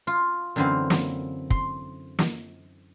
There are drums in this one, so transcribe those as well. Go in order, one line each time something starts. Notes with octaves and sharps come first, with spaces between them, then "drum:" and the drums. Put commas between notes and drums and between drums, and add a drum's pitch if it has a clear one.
F4
F#2 D3 E3 A#3 C4 F5
drum: snare
C6, drum: kick
drum: snare